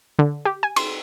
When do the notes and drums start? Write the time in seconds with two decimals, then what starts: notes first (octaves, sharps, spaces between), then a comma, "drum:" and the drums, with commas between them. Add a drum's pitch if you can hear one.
0.19 D3
0.45 G4
0.63 G#5
0.76 C6, drum: cymbal